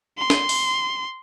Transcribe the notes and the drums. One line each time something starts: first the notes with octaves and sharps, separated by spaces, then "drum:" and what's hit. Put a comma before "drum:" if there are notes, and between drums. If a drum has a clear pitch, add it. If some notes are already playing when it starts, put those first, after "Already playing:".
C6
drum: snare
drum: open hi-hat